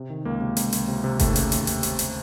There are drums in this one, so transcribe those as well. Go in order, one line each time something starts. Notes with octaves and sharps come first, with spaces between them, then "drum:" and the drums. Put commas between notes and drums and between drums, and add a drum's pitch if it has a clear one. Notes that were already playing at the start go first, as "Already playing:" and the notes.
Already playing: C3
D#3
C#2 A#3
C3
C#2, drum: hi-hat
C#2, drum: hi-hat
C3
C3
D#2 A3, drum: kick G1, hi-hat
C#3, drum: hi-hat
D#2, drum: hi-hat
drum: hi-hat
drum: hi-hat
drum: hi-hat